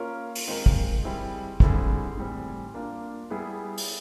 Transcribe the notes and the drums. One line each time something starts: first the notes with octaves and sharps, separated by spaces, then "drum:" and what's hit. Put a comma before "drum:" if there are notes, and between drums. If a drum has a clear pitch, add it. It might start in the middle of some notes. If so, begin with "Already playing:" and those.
Already playing: A#3 C#4 F4 A#4
drum: open hi-hat
D#3 G#3 C4 F4 A#4
drum: kick
G3 C4 E4 G#4
D3 G3 C4 E4 G#4, drum: kick
A2 E3 G3 C4
A#3 D4 F4
G3 B3 E4 G#4
drum: open hi-hat